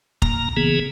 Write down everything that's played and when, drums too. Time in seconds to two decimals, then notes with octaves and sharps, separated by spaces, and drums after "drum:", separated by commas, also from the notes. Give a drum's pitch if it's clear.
0.22 A#2 A#3 A#5, drum: kick F1
0.57 C#3 E3 A#3 B3 G#4